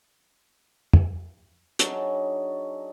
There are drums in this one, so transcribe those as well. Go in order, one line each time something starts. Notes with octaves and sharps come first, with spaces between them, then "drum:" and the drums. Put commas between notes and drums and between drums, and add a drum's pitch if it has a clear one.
drum: tom
F#3 D4 D#4 G#4, drum: hi-hat